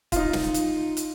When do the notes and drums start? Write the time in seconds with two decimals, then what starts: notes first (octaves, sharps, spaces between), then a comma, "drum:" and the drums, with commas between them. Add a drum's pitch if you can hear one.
0.12 D#4 F4, drum: kick, hi-hat
0.33 drum: snare
0.54 drum: hi-hat
0.97 drum: hi-hat